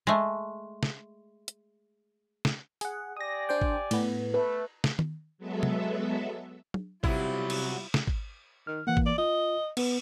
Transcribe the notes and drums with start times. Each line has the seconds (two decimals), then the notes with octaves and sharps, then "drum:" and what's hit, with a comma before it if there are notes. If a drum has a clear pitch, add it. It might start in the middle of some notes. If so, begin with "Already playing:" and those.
0.07 G#3 A3
0.83 drum: snare
1.48 drum: hi-hat
2.45 drum: snare
2.81 G#4 F#5, drum: open hi-hat
3.17 G4 D5 G#5 D#6 A#6
3.49 D4 C5 G5
3.61 drum: kick G#1
3.91 A2 B3, drum: cymbal
4.34 A3 B4
4.84 drum: snare
4.99 drum: tom D#3
5.38 F#3 G#3 B3 A4 E5
5.63 drum: tom
6.74 drum: tom
7.04 C3 F#3 G3 B3 E4 F4, drum: kick G#1
7.50 drum: cymbal
7.94 drum: snare
8.07 drum: kick G#1
8.67 D#3 F6
8.87 E3 A#3 F#5
8.97 drum: kick G#1
9.06 D5
9.18 F4 D#5
9.77 B3 B4, drum: cymbal